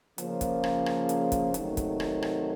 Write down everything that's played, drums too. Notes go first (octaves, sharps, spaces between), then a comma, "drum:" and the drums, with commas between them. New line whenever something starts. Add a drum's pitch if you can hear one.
C#3 F3 A#3, drum: hi-hat
drum: kick, hi-hat
drum: rim click
drum: rim click
drum: hi-hat
drum: kick, hi-hat
C3 D#3 F#3 A3 D#4, drum: hi-hat
drum: kick, hi-hat
drum: rim click
drum: rim click